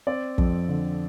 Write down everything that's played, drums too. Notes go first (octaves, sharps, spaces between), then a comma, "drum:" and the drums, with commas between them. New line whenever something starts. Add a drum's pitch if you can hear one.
C4 D5
F2, drum: kick
D3